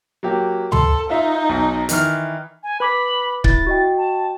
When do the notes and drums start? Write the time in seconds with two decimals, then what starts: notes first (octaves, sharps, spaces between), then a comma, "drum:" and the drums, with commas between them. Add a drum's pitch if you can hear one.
0.23 F#3 A#3 G4
0.72 A4 C6, drum: tom
1.10 D#4 F4 E5
1.49 B1
1.89 D#3 E3 F6, drum: hi-hat
2.63 G#5
2.80 B4 B5 D6 B6
3.44 E4 A6, drum: kick C#1
3.67 F#4 D#5 G5
3.98 A5